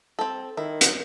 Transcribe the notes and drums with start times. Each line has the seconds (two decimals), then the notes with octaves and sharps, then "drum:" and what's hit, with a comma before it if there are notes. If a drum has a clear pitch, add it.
0.19 C4 A4
0.57 D#3 E4
0.81 drum: hi-hat